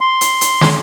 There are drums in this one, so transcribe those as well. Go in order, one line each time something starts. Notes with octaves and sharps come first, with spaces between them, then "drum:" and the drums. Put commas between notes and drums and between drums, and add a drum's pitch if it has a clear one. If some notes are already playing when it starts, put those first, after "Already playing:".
C6
drum: hi-hat
drum: hi-hat
drum: snare